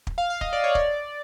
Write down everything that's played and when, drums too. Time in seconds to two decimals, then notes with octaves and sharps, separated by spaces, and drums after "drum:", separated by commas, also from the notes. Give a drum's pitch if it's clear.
0.07 drum: kick
0.18 F5
0.30 F5
0.41 D#5, drum: kick
0.53 D5
0.64 C#5
0.75 D5, drum: kick